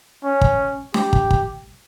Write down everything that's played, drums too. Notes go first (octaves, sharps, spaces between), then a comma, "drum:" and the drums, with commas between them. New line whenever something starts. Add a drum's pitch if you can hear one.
C#4
drum: kick
G4, drum: snare
drum: kick
drum: kick